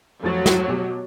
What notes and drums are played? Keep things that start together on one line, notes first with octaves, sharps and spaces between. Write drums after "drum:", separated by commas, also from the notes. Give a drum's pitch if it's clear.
F1 F3 F#3 A6
drum: snare
B2 G4